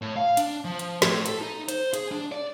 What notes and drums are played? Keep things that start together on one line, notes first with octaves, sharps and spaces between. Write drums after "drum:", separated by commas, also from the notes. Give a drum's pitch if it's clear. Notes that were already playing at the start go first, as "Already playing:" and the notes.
A2
F5
D4, drum: hi-hat
F3
drum: hi-hat
A2, drum: snare
A4, drum: hi-hat
D#4
C5, drum: hi-hat
G#4, drum: hi-hat
D4
D5